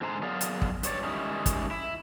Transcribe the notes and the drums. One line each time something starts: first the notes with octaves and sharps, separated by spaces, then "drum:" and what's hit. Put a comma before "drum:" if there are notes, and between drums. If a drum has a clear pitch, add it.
G#2 D3 G#3 C5 A5 A#5
F#3 B3 G#4 A#4 D5 F5
drum: hi-hat
drum: kick
G2 C#5 D5, drum: hi-hat
D#3 G3 G#3 C#4 D#4 E4
drum: kick, hi-hat
E4